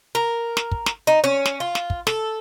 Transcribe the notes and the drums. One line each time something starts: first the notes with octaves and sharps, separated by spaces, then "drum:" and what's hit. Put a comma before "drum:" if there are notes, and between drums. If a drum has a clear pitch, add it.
A#4
drum: snare
drum: kick
drum: snare
D#4
C#4
drum: snare
F4
drum: snare
drum: kick
A4, drum: snare